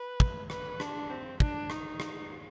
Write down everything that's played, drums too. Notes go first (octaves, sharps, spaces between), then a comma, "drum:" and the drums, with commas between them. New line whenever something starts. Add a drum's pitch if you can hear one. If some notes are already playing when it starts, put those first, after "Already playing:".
Already playing: B4
drum: kick
B4, drum: rim click
D4, drum: rim click
C4
D4, drum: kick
D#4, drum: rim click
drum: rim click